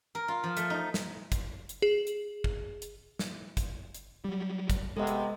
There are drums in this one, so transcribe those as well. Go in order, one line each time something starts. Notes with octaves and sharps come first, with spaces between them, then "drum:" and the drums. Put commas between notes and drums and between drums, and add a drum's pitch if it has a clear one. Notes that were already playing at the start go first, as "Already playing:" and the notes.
A#4
F4
F3
A3, drum: hi-hat
D#4
drum: snare
drum: kick, hi-hat
drum: hi-hat
G#4
drum: hi-hat
drum: kick
drum: hi-hat
drum: snare
drum: kick, hi-hat
drum: hi-hat
F#3 G3
drum: kick, hi-hat
C3 G#3 B3 A4 D#5
drum: hi-hat